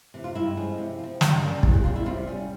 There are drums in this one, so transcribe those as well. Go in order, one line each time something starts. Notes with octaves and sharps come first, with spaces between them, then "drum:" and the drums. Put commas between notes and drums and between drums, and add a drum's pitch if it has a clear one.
C3 E3
F4
G2 E4
F3 G#3 C#4
C3
F3 C4
G2, drum: snare
G3 A#3 C#4
E2, drum: kick
G4
C#3 G3 F4
E4
C3 F4
G3 C#4